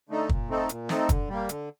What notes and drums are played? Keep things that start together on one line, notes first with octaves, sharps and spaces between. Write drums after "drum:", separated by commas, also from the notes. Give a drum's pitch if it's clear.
D3 A3 D#4 A4
A#2, drum: kick
A3 C4 D#4 A4
A#2, drum: hi-hat
A3 C4 D#4 A4, drum: snare
D3, drum: kick, hi-hat
G3 A#3
D3, drum: hi-hat